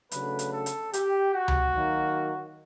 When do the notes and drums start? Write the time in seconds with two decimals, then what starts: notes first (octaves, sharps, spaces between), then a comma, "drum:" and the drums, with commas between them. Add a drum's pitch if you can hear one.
0.11 C#3 F#3 A3 D4 B4, drum: hi-hat
0.39 drum: hi-hat
0.52 A4
0.66 drum: hi-hat
0.93 G4, drum: hi-hat
1.34 F#4
1.48 drum: tom C#2
1.75 D#3 F#3 A#3